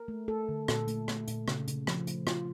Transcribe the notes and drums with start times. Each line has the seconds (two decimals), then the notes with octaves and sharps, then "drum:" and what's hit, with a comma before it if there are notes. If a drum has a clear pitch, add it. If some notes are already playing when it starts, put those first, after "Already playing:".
Already playing: A#4
0.08 A3
0.28 A3 A4
0.49 D3
0.68 A#2 A4, drum: rim click
0.88 A3, drum: hi-hat
1.08 A3, drum: rim click
1.28 A#2, drum: hi-hat
1.48 C#3, drum: rim click
1.68 C#3, drum: hi-hat
1.87 F3, drum: rim click
2.07 A3, drum: hi-hat
2.27 C#3 F4, drum: rim click